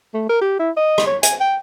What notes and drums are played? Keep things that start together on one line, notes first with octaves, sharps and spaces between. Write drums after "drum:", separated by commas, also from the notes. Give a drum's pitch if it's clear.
A3
A#4
G4
E4
D#5
drum: rim click
C#5
G#5, drum: hi-hat
G5